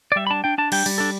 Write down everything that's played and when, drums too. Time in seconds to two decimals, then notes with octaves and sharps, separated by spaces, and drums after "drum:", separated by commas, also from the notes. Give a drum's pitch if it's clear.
0.12 D5
0.16 G3 E5
0.27 B5
0.30 D4 A5
0.44 D4 G5
0.58 D4 A5
0.72 G3 G5, drum: cymbal
0.86 G3, drum: open hi-hat
0.98 D4 A4